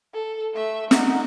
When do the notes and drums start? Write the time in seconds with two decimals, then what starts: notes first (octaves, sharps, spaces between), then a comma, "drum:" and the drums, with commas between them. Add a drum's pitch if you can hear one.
0.14 A4
0.54 A3 E5
0.91 D#4 F#5, drum: snare